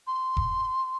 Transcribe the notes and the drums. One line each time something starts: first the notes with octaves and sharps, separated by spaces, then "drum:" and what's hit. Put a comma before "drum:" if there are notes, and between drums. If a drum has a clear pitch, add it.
C6
drum: kick E1